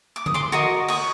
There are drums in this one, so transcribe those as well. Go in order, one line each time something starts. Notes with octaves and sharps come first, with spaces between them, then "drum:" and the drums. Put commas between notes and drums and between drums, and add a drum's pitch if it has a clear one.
D6
D#6, drum: tom D3
C6 D6
F#4 A#4 D#5 C#6 D#6
C#6 D#6, drum: cymbal